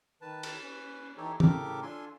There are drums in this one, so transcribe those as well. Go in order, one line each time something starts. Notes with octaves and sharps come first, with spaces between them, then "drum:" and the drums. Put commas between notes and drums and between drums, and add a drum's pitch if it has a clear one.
D#3 B4 A5
drum: cymbal
C#4 B4
E3 D#4 G4 A4 C#5
A2 C#3 G4 A4 A#4 D6, drum: tom
D4 F4 A4 G#5 C6